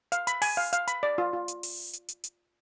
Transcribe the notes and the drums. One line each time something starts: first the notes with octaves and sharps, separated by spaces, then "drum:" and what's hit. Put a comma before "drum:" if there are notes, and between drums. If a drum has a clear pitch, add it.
F5, drum: hi-hat
B5, drum: hi-hat
G#5, drum: open hi-hat
F5
F5, drum: hi-hat
B5, drum: hi-hat
D5
F4
F4
drum: hi-hat
drum: open hi-hat
drum: hi-hat
drum: hi-hat
drum: hi-hat